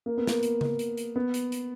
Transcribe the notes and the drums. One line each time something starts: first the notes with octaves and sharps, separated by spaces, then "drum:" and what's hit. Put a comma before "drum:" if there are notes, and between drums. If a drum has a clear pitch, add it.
A#3
B3
A#3, drum: snare
drum: hi-hat
drum: tom C#3
drum: hi-hat
drum: hi-hat
B3
drum: hi-hat
drum: hi-hat